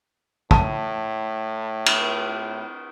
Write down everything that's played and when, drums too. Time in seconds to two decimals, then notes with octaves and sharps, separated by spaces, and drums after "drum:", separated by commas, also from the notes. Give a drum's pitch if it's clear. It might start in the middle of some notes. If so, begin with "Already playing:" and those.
0.51 A2 A5, drum: kick
1.86 drum: cymbal